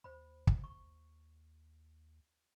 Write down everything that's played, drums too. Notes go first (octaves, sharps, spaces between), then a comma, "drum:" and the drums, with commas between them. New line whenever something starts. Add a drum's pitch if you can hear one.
D#2 C5 B5
drum: kick
D#2 C#6